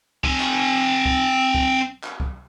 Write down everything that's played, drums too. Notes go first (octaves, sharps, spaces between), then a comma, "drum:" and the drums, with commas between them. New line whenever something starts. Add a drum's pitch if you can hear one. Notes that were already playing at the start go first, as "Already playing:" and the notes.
C4 G#5, drum: kick
drum: clap
drum: kick
drum: kick
drum: clap
drum: kick